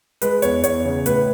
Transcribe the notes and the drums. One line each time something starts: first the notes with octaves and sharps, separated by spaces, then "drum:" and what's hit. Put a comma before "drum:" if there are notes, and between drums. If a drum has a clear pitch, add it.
G#3 B4, drum: hi-hat
E2 C#5, drum: hi-hat
E2 C#5, drum: hi-hat
C#3
A2 B4, drum: hi-hat